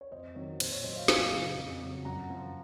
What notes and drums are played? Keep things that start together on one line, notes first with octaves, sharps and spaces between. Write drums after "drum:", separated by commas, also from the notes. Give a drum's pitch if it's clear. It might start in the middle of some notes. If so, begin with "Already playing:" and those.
C#5
F2 C5 D#5
D#3 F#3 C#5
A#2 C5, drum: cymbal
C#5
F#3 C5 D#5
C#5 F5
F#2 F5 G#5, drum: snare
C#3 F#3
F2
C#3 F#3
F#2 F#5 A#5
F3